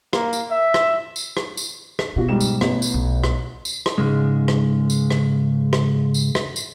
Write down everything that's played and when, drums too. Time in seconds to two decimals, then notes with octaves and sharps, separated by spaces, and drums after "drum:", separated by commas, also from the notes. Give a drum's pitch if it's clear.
0.13 A#3, drum: rim click
0.33 drum: tambourine
0.51 E5
0.74 drum: rim click
1.16 drum: tambourine
1.37 drum: rim click
1.57 drum: tambourine
1.99 drum: rim click
2.16 B2 F4 F#4
2.29 G#2 G3 E7
2.40 drum: tambourine
2.61 A1 B3, drum: rim click
2.82 drum: tambourine
2.94 B1
3.24 drum: rim click
3.65 drum: tambourine
3.86 drum: rim click
3.98 G#2 C#3 G#3
4.48 drum: rim click
4.90 drum: tambourine
5.10 drum: rim click
5.73 drum: rim click
6.14 drum: tambourine
6.35 drum: rim click
6.56 drum: tambourine